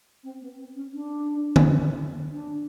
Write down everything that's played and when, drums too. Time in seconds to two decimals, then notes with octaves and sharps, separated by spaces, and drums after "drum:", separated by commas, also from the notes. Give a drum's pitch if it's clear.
0.23 C4
0.41 B3
0.58 C4
0.75 C#4
0.93 D4
1.56 drum: tom D3
2.32 D4